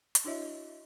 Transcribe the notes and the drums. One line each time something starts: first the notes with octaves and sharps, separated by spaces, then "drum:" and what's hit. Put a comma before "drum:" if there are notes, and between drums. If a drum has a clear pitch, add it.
drum: hi-hat
D4 E4 F#4 C#5 D#5 E5